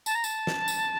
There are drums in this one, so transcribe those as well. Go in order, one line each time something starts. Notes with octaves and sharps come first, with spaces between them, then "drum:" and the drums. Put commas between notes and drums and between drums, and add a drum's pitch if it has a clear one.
A5, drum: tambourine
A#5
A5, drum: tambourine
drum: snare
drum: tambourine